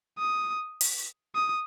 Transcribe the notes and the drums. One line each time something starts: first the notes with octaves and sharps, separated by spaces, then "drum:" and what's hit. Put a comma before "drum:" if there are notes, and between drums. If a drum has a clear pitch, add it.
D#6
drum: open hi-hat
D#6